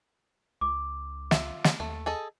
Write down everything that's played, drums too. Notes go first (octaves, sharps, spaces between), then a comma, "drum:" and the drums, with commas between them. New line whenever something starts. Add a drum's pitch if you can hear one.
C#2 D6
F4 E5, drum: snare
drum: snare
D#2 A3
G#4 A4 D#5